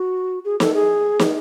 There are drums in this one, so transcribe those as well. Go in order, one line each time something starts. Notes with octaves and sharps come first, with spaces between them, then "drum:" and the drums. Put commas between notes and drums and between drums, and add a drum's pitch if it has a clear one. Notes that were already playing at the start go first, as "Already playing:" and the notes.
Already playing: F#4
G#4
A4, drum: snare
G#4
drum: snare